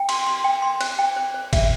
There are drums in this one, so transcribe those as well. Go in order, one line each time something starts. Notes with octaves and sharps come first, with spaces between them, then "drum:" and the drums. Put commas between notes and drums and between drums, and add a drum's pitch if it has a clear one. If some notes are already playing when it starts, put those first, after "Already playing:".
Already playing: G5
C6, drum: cymbal
C6
G5
C6
C5, drum: cymbal
G5
C5
C5
E5, drum: kick G#1, cymbal